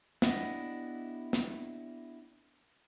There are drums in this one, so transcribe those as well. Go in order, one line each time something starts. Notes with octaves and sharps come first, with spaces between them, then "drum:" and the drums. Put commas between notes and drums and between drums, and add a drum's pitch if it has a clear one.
B3 D4 E4 G4 D#5, drum: snare
drum: snare